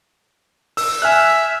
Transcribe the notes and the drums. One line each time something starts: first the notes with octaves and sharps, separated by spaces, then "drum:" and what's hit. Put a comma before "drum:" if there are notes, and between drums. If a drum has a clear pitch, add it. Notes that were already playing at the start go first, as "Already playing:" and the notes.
E6, drum: open hi-hat
E5 G#5 F6 F#6